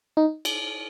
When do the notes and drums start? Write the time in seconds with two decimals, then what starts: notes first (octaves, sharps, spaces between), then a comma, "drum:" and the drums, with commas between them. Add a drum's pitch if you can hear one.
0.17 D#4
0.45 drum: cymbal